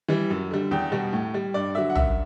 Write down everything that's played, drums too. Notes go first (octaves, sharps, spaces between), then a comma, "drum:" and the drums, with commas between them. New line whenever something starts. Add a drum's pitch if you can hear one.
E3 G3
F#2
D3 G3
E2 G5
B2 G3
A2
G3
G2 D5
D3 F#3 E5
F#5
F#2 E5, drum: tom A#1